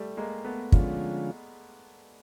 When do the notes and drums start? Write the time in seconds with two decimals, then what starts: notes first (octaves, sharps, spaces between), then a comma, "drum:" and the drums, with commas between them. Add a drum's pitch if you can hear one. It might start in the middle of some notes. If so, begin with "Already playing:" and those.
Already playing: G3 A3
0.17 G#3 A#3
0.44 A3 B3
0.72 D3 F3 G#3 C#4 F4, drum: kick